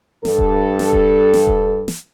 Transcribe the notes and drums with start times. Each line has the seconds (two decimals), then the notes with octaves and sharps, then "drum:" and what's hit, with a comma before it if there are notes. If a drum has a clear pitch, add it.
0.25 G2 A4, drum: snare
0.38 drum: kick D#1
0.79 drum: snare
0.93 drum: kick D#1
1.34 drum: snare
1.47 drum: kick D#1
1.88 drum: snare